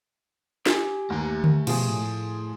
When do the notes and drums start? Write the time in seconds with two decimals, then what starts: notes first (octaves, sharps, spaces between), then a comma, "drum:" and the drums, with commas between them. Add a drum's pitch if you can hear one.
0.66 G4 G#5, drum: snare
1.10 D#2 A3 F#5 A#5
1.44 drum: tom D3
1.67 B2 F3 G#4, drum: cymbal
1.88 A2